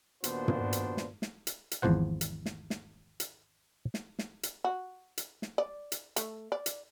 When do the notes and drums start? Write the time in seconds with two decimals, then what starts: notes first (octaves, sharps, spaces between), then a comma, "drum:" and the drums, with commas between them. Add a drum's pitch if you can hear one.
0.24 D#2 A#2 B3 D4 F#4 C5, drum: hi-hat
0.48 drum: tom
0.73 drum: hi-hat
0.97 drum: snare
1.22 drum: snare
1.47 drum: hi-hat
1.71 drum: hi-hat
1.82 G#1 E2 F3 C5 F#5
2.21 drum: hi-hat
2.46 drum: snare
2.70 drum: snare
3.20 drum: hi-hat
3.94 drum: snare
4.19 drum: snare
4.43 drum: hi-hat
4.64 F#4
5.18 drum: hi-hat
5.42 drum: snare
5.58 D5
5.92 drum: hi-hat
6.16 A3, drum: hi-hat
6.52 D5
6.66 drum: hi-hat